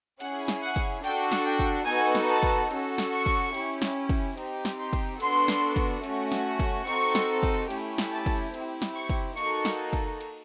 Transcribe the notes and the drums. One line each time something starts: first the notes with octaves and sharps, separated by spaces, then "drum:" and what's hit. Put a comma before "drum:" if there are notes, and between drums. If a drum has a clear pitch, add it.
C#4 E4 G#4 F#5, drum: cymbal
drum: snare
F#5
drum: kick, cymbal
D4 F#4 A4 G5, drum: cymbal
drum: snare
G5
drum: kick
B3 D#4 F#4 A4 G#5, drum: cymbal
drum: snare
A5
drum: kick, cymbal
C#4 F#4 A4, drum: cymbal
drum: snare
C#6
drum: kick, cymbal
C#4 E4 G4, drum: cymbal
drum: snare
drum: kick, cymbal
C4 D#4 G4, drum: cymbal
drum: snare
C6
drum: kick, cymbal
B3 D4 F#4 A4 C6, drum: cymbal
drum: snare
drum: kick, cymbal
A3 C#4 F#4, drum: cymbal
drum: snare
drum: kick, cymbal
C4 D#4 F#4 A4 C#6, drum: cymbal
drum: snare
drum: kick, cymbal
A3 C#4 E4 G4, drum: cymbal
drum: snare
A5
drum: kick, cymbal
C4 E4 G4, drum: cymbal
drum: snare
C#6
drum: kick, cymbal
A#3 D#4 F#4 A4 C#6, drum: cymbal
drum: snare
drum: kick, cymbal
drum: cymbal